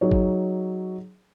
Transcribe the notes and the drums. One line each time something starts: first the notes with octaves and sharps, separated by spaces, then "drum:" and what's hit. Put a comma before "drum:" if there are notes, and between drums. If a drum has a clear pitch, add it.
F#3 D#4 G#4 C#5
drum: kick G#1